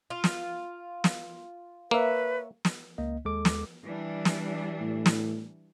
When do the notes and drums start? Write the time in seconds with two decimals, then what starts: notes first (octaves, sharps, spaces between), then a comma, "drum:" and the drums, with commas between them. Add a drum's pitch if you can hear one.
0.10 F4
0.24 drum: snare
1.04 drum: snare
1.91 A#3 B4 C#5 E5
2.65 drum: snare
2.98 C#2 A#3 D#5
3.25 D#2 G#3 A4 D6
3.45 drum: snare
3.84 E3 G3 D4
4.25 drum: snare
4.81 A2
5.06 drum: snare